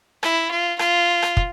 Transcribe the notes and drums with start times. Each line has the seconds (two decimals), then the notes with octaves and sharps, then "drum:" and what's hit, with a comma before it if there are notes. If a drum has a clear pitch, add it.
0.23 E4, drum: rim click
0.51 F4
0.79 F4, drum: rim click
1.22 drum: rim click
1.37 drum: kick